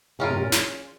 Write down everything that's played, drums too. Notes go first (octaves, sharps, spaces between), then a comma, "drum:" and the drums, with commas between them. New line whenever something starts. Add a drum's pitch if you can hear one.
C#3 C#4 F4 A#4
C3
A#2
drum: snare